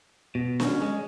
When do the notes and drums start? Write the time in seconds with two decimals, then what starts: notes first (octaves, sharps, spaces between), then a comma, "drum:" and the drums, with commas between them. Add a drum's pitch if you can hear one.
0.35 B2
0.60 C#4, drum: snare
0.82 G#3